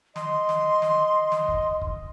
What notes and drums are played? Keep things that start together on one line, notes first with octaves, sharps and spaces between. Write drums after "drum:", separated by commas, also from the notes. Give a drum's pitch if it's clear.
D#5 C6, drum: snare
drum: snare
drum: snare
drum: snare
drum: kick
drum: kick